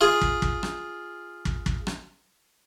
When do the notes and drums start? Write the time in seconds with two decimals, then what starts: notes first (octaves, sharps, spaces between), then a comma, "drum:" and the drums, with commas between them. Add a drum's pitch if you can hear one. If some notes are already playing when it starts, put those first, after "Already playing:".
0.01 F4 G#4
0.21 drum: kick
0.42 drum: kick
0.63 drum: rim click
1.45 drum: kick
1.66 drum: kick
1.87 drum: rim click